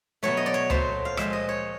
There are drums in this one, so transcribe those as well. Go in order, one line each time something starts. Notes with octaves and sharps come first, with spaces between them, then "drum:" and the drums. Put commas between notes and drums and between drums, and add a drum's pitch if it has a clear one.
B2 F#3 A3 C#5
D#5
D5
C#5
A#2 F#3 A3 C5, drum: tom C#2
F5
A#2 F3 G#3 E5, drum: rim click
D#5
C#5